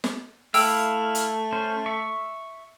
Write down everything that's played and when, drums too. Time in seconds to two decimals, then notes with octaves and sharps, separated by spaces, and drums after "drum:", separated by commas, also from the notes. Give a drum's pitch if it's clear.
0.04 drum: snare
0.54 A3 E4 F5 G5 E6, drum: open hi-hat
1.15 drum: hi-hat
1.53 C#4 C5
1.86 E5 C#6